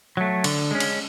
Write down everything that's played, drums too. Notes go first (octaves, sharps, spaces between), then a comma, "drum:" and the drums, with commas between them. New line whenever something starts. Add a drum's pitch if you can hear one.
F#3 A3
D3, drum: cymbal
G#3 C#4
drum: cymbal